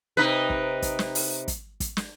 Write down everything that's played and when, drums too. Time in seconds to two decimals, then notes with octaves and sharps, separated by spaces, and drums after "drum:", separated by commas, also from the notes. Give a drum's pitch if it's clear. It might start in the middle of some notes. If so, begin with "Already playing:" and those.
0.17 C3 D#4 B4
0.50 drum: kick
0.82 drum: kick, hi-hat
0.99 drum: snare
1.15 drum: open hi-hat
1.48 drum: kick, hi-hat
1.80 drum: kick, hi-hat
1.97 drum: snare